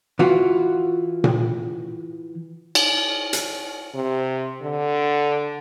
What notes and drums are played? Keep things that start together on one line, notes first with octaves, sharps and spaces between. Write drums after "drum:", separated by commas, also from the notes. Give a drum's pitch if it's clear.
E3 F4 F#4
drum: tom A#2
drum: cymbal
drum: hi-hat
C3
D3